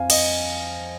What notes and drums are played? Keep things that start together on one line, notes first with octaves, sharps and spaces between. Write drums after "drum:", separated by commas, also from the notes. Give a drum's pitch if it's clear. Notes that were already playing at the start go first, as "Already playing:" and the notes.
Already playing: F2 F3 F5 G#5
D#5, drum: cymbal